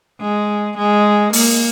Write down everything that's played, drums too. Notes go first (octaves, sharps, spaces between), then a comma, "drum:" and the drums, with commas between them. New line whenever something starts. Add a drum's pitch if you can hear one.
G#3
G#3
A#3, drum: open hi-hat